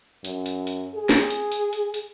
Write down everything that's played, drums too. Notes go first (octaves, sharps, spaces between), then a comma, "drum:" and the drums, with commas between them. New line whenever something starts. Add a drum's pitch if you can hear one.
F#2, drum: hi-hat
drum: hi-hat
drum: hi-hat
G#4
drum: snare
drum: hi-hat
drum: hi-hat
drum: hi-hat
drum: hi-hat